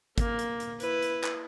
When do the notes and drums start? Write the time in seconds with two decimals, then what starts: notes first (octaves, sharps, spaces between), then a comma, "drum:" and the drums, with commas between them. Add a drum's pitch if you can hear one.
0.18 A#3, drum: kick, hi-hat
0.39 drum: hi-hat
0.60 drum: hi-hat
0.80 E4 B4, drum: hi-hat
1.03 drum: hi-hat
1.24 drum: clap